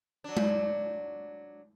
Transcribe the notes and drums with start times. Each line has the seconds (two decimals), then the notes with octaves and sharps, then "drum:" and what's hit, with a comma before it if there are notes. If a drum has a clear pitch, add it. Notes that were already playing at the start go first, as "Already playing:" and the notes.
0.24 F#3 D4
0.37 drum: tom G#3